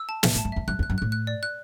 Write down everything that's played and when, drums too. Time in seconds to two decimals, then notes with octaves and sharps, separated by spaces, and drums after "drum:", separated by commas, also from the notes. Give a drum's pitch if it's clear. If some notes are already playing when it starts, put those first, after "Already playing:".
Already playing: E6
0.09 A5
0.23 B2 E5, drum: snare
0.35 A2
0.38 A5
0.45 F#2
0.52 E2 E5
0.68 F#2 F#6
0.79 E2
0.83 F#6
0.90 F#2
0.98 A2 F#6
1.12 F#6
1.27 D5
1.43 F#6